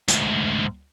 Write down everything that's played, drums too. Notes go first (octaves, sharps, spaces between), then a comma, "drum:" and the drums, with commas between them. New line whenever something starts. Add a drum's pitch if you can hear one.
D2 G#2, drum: hi-hat